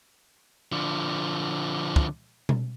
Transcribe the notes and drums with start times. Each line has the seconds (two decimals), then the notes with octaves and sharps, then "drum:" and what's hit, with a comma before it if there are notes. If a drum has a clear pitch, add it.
0.72 D3 F3
1.96 drum: kick
2.49 drum: tom B2